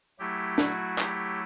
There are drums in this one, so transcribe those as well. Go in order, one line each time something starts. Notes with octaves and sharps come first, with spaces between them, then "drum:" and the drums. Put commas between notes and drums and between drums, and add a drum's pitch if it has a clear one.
F#3 A3 E4 G4
F#4, drum: snare
G4, drum: clap